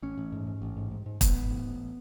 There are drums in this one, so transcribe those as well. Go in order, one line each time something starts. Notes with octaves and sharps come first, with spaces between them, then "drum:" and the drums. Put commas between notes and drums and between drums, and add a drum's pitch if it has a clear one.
A1 C#4
A1
G#2
G#2
A1
G#2
G#2
G#2
G#2 B3, drum: kick, hi-hat
G#2
A1
A1